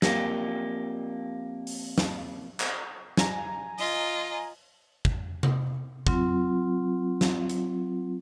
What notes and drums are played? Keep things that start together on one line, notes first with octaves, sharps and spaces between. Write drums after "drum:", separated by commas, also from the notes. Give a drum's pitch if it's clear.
F2 A#3 G4, drum: snare
drum: open hi-hat
drum: snare
drum: clap
G#5 A#5, drum: snare
F4 D#5, drum: open hi-hat
drum: kick
drum: tom C3
F#3 C4 F4, drum: kick
drum: snare
drum: hi-hat